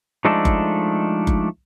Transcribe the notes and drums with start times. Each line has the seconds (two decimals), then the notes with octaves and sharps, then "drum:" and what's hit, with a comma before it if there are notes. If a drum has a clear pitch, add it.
0.25 F3 G#3 A3 D4 D#4 A4
0.45 drum: kick F#1
1.27 drum: kick F#1